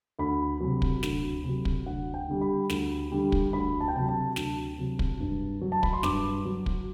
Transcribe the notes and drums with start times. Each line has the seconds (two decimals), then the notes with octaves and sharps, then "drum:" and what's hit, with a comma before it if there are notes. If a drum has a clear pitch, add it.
0.19 D2 B5
0.60 C3 F#3
0.82 drum: kick
1.03 D2, drum: snare
1.44 C3 F#3
1.65 drum: kick
1.86 D2 F#5
2.14 G5
2.28 D3 G3
2.41 B5
2.70 D2, drum: snare
3.12 D3 G3
3.32 drum: kick
3.53 D2 B5
3.81 A5
3.88 G5
3.95 C3 F#3 A5
4.09 A5
4.36 D2, drum: snare
4.78 C3 F#3
4.99 drum: kick
5.20 G2
5.61 F#3
5.72 A5
5.83 B5, drum: kick
5.93 C6
6.03 G2 D6, drum: snare
6.45 F#3
6.66 drum: kick